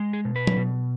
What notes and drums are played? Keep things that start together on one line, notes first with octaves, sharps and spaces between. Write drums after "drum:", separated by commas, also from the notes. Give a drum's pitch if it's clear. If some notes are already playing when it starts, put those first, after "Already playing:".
Already playing: G#3
G#4
B2
B4
drum: tom F#3
B2